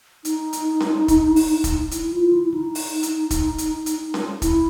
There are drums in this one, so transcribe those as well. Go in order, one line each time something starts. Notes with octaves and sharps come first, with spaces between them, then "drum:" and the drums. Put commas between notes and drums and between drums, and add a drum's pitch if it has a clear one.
D#4, drum: hi-hat
drum: hi-hat
drum: snare C#4
drum: kick, hi-hat
drum: open hi-hat
drum: kick, hi-hat
E4, drum: hi-hat
F4
E4
E4
D#4
drum: open hi-hat
drum: hi-hat
drum: kick, hi-hat
drum: hi-hat
drum: hi-hat
drum: snare C#4
E4, drum: kick, hi-hat